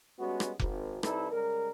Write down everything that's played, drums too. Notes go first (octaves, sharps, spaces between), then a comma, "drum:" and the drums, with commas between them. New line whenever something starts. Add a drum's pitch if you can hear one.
G3 G#3 B3 C#4 F#4
drum: rim click
G#1, drum: kick F1
C3 G3 D#4 E4 A4 B4, drum: rim click
C#3 G3 G#3 A#4